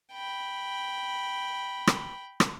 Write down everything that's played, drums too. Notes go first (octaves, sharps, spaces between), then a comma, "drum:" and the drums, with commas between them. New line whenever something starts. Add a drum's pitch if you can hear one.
G5 B5
drum: rim click
drum: rim click